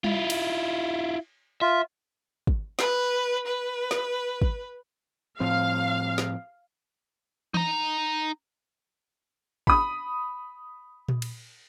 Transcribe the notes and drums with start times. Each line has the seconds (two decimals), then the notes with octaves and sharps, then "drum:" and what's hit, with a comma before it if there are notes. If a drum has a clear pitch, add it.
0.04 E4 F4, drum: tom G3
0.30 drum: cymbal
1.61 F4 E5
2.47 drum: kick
2.79 B4, drum: snare
3.47 B4
3.91 drum: snare
4.42 drum: kick
5.40 A2 F3 C4 F5
6.18 drum: snare
7.54 D#4 A#5, drum: tom E3
9.67 B5 D#6, drum: kick
11.09 drum: tom A#2
11.22 drum: cymbal